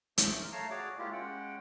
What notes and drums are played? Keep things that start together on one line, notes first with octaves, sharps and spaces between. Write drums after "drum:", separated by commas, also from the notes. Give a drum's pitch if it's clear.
A3 G#4 C5 C#6 D6, drum: hi-hat
A#4
A3 C#5 F5 A5 A#5
F#4 G#4 C#5 D5 D6
G#3 A#3 E4 F4 G4
G#3 C#4 F#5 G5